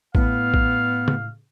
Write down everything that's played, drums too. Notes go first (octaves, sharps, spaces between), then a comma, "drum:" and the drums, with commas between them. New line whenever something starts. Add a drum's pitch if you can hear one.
A2 B3 F5, drum: kick
drum: kick
drum: tom